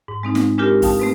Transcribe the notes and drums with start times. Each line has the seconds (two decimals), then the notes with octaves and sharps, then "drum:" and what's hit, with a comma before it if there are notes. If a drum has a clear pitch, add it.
0.08 G#2
0.23 G#3 C4 D#4
0.35 drum: snare
0.58 G#3 D4 F4 G4 A#4
0.82 F5 G5 A5 D#6, drum: kick, open hi-hat
0.99 A3 C4 B4